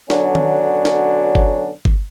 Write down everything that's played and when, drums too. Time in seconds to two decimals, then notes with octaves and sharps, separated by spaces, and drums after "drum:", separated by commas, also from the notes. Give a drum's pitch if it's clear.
0.10 B1 D3 F#3 C#4 D4, drum: snare
0.35 drum: tom D#3
0.85 drum: snare
1.35 drum: kick G1
1.85 drum: kick G1